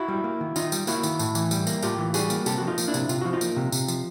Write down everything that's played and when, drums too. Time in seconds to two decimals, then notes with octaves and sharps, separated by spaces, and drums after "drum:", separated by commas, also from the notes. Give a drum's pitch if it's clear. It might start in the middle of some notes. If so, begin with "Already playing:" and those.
Already playing: E4 F#4
0.08 G3
0.24 A#3
0.41 D#3
0.56 D#3 D#4 F4, drum: tambourine
0.72 G3, drum: tambourine
0.87 A#3 E4 F#4, drum: tambourine
1.03 D#3, drum: tambourine
1.19 A2, drum: tambourine
1.35 E3, drum: tambourine
1.51 G3, drum: tambourine
1.67 A#3, drum: tambourine
1.82 A2 F4 G4, drum: tambourine
1.99 E3
2.14 G3 F#4 G#4, drum: tambourine
2.30 A#3, drum: tambourine
2.46 C3 G4 A4, drum: tambourine
2.58 F3 F#4
2.67 D#4 F4
2.78 A#3, drum: tambourine
2.88 D4 E4
2.94 C3, drum: tambourine
3.09 C3 F4, drum: tambourine
3.21 F3 F#4
3.33 D#4 F4
3.41 A#3, drum: tambourine
3.56 C3
3.72 C3, drum: tambourine
3.88 F3, drum: tambourine